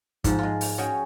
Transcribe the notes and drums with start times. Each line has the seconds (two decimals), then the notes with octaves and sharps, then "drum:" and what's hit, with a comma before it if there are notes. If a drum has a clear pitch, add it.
0.24 G#2 F3, drum: kick, hi-hat
0.39 G#3 F4
0.61 drum: open hi-hat
0.78 C#4 F#4 G#4 G5 G#5